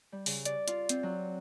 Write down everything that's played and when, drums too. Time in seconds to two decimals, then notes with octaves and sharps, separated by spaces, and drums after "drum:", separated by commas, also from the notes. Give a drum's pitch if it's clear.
0.12 G3
0.26 C#3, drum: open hi-hat
0.45 D5, drum: hi-hat
0.68 F4, drum: hi-hat
0.89 C4, drum: hi-hat
1.03 F#3